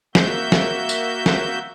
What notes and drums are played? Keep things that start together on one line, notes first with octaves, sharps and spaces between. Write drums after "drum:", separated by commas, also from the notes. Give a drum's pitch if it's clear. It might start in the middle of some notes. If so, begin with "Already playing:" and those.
A#3 F#4 E5 G6, drum: snare
drum: snare
drum: tambourine
drum: snare